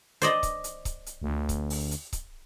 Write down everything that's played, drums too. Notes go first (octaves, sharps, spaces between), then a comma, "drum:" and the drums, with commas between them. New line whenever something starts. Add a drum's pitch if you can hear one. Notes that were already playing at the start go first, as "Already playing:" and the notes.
C5 D5 D#5, drum: hi-hat
drum: kick C#1, hi-hat
drum: hi-hat
drum: kick C#1, hi-hat
drum: hi-hat
D2
drum: kick C#1, hi-hat
drum: open hi-hat
drum: hi-hat
drum: kick C#1, hi-hat